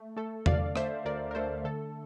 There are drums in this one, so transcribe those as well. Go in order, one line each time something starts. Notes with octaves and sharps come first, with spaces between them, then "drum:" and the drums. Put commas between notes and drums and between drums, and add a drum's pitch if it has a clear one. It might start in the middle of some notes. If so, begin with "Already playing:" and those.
Already playing: A3
A3 A4
D3 D5 F5, drum: tom E2
A3 C5 E5, drum: rim click
D2 A#4 D5
A#4
A3 A4 C5
D3 A4